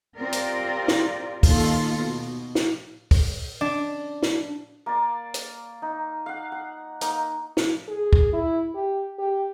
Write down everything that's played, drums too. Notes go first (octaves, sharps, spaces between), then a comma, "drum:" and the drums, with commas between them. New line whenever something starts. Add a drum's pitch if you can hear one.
C4 F4 G4 A#4 D5
drum: hi-hat
drum: snare
D#2 A#2 D#3 F4 A4, drum: kick, open hi-hat
B2
drum: snare
drum: kick, open hi-hat
D4
drum: snare
A#3 D5
drum: hi-hat
D#4
F5 F#5
F#5
A#3 D#4, drum: hi-hat
drum: snare
G#4
drum: kick
E4
G4
G4